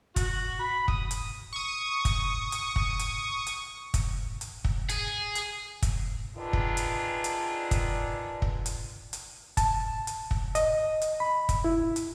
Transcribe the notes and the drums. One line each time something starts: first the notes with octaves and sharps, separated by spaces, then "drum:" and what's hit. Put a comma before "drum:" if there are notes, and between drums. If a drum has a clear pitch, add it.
F#4, drum: kick, hi-hat
B5
D#6, drum: kick
drum: hi-hat
C#6 D#6
drum: kick, hi-hat
drum: hi-hat
drum: kick
drum: hi-hat
drum: hi-hat
drum: kick, hi-hat
drum: hi-hat
drum: kick
G#4, drum: hi-hat
drum: hi-hat
drum: kick, hi-hat
D3 D#3 D4 F4 G#4 B4
drum: kick
drum: hi-hat
drum: hi-hat
drum: kick, hi-hat
drum: kick
drum: hi-hat
drum: hi-hat
A5, drum: kick, hi-hat
drum: hi-hat
drum: kick
D#5, drum: hi-hat
drum: hi-hat
B5
drum: kick, hi-hat
E4
drum: hi-hat